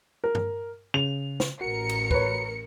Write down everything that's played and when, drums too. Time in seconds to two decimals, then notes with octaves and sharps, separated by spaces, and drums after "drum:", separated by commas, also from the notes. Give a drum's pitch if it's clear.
0.24 A#4
0.35 drum: tom G2
0.94 C#3 F7
1.40 drum: snare
1.61 A1 F#4 A#4 C#7
1.89 drum: cymbal
2.11 B4 C#5, drum: kick